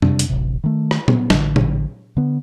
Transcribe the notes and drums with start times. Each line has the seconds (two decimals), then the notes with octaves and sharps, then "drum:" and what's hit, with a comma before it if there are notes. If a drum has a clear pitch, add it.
0.02 C3 G3 D4, drum: tom F2
0.19 drum: hi-hat
0.29 D1 A1 C3
0.64 D#3 A3
0.91 drum: rim click
1.08 B3, drum: tom A#2
1.30 A1 D3, drum: snare
1.56 drum: tom A#2
2.17 D3 B3